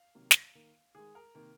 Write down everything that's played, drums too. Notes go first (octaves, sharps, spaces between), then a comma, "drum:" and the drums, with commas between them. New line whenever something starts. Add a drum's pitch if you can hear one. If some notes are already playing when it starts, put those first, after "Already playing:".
Already playing: F5
C3 D#3 F#3 A#3
drum: snare
D#3 A#3
D#3 G#3 G#4
A#4
C3 D#3 A#3